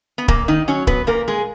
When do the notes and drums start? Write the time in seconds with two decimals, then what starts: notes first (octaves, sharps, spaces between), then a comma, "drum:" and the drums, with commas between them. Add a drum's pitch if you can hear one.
0.18 B3
0.28 A#2 A#3, drum: kick
0.48 D#3 D#4
0.68 F#3 C#4 C#5
0.87 B3 B4, drum: kick
1.07 A#2 A#3 A#4
1.28 G#3 G#4